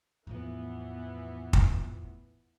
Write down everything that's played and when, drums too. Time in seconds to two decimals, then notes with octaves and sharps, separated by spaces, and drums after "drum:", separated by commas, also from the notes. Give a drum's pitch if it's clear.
0.27 E2 A2 E3 F3 B3
1.53 drum: kick